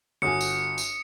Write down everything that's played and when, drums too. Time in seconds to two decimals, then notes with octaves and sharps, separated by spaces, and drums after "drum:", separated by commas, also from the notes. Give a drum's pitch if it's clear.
0.22 G1 F#4 G#5 D#6 C#7
0.41 drum: tambourine
0.78 drum: tambourine